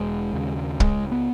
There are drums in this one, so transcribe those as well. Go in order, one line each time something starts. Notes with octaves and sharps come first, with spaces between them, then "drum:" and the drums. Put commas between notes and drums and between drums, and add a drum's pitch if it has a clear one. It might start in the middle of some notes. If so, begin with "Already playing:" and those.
Already playing: E1 G#3
D#2 C#3
C#2 G#3, drum: kick
B3